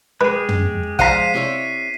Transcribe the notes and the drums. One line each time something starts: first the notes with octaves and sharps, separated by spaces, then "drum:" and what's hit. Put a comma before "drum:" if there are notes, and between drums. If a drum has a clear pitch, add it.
G#3 G4 G#4 B4
drum: tom
F3 C5 F5 F#5 A#5 B6 C7 D#7, drum: kick
C3 E4 C#5